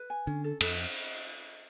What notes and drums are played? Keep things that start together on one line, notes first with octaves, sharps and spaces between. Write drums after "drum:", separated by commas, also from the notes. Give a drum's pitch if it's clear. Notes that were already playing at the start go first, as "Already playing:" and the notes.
Already playing: B4
G#5
D3 C#4
A4
F2 A4, drum: cymbal